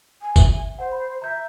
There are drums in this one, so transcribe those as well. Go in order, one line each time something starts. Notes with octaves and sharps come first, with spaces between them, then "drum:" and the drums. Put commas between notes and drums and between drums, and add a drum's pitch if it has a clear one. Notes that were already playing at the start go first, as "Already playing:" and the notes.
G#5
E5, drum: kick G1, tambourine
C5 F#5
B5
E5 A#5 G6